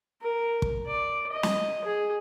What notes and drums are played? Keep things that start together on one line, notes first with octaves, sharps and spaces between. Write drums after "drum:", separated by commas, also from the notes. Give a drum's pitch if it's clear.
A#4
drum: kick
D5
D#5
drum: snare
G#4